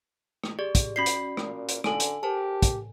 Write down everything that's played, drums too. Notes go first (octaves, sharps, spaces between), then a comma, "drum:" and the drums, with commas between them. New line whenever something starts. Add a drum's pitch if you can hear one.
drum: rim click
G4 G#4 D5
drum: kick, hi-hat
C#4 F#4 D5 B5 B6 C7
drum: hi-hat
A#2, drum: rim click
drum: hi-hat
D3 A4 G#5 D7, drum: rim click
drum: hi-hat
G4 A#4 C5 A5
drum: kick, hi-hat